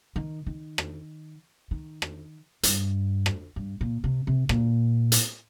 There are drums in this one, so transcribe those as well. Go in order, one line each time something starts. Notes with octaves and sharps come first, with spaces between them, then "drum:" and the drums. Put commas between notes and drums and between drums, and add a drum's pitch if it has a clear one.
D#3
D#3
drum: rim click
D#3
drum: rim click
G2, drum: hi-hat
drum: rim click
G2
A#2
C3
C3
A#2, drum: rim click
drum: hi-hat